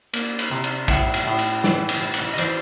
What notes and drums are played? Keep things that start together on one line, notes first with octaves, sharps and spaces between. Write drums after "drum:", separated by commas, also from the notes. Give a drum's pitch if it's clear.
A#3, drum: cymbal
drum: cymbal
C3
drum: cymbal
A2 E5 F#5, drum: kick A#1, cymbal
drum: cymbal
A2
drum: cymbal
E3, drum: snare
drum: cymbal
E3
drum: cymbal
D#5
E3 C5 D5, drum: cymbal